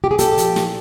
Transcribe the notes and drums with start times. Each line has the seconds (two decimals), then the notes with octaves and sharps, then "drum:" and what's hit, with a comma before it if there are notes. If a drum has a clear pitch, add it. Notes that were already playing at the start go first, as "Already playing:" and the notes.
0.04 G4
0.11 G#4
0.18 A#2 G4 A4, drum: hi-hat
0.38 F3, drum: hi-hat
0.56 A#2, drum: snare